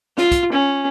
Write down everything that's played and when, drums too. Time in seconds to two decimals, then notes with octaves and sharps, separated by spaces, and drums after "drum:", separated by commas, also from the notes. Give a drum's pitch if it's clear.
0.18 F4, drum: snare
0.32 drum: kick, hi-hat
0.53 C#4